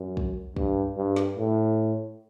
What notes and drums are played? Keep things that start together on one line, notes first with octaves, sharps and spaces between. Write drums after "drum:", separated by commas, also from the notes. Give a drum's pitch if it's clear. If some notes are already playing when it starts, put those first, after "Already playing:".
Already playing: F#2
drum: kick
G2, drum: kick
G2
drum: snare
A2